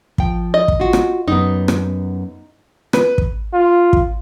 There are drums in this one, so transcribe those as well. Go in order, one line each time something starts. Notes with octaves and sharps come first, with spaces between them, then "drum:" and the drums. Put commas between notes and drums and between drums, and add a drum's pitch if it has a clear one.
F3 G5, drum: kick
D#5
drum: kick
F4 F#4
drum: rim click
F#2 G3 B3 D#4
drum: rim click
B4, drum: rim click
drum: kick
F4
drum: kick